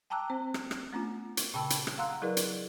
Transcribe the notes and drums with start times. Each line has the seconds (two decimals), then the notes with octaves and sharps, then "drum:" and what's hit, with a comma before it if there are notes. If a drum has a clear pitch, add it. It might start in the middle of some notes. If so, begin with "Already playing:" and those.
0.10 G5 A5 A#5 D6 E6 F#6
0.30 C4 C5
0.54 drum: rim click
0.71 drum: rim click
0.93 A3 B3 C#4 D4 F4
1.37 drum: hi-hat
1.54 A#2 C#3 G5 A5 B5 E6
1.70 drum: hi-hat
1.87 drum: rim click
1.98 F5 F#5 A#5 C6 E6 F#6
2.22 F#3 E4 G#4 A#4 B4 D5
2.37 drum: hi-hat